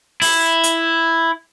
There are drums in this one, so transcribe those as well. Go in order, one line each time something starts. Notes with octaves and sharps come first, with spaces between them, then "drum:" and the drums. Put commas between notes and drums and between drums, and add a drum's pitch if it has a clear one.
E4, drum: open hi-hat
drum: hi-hat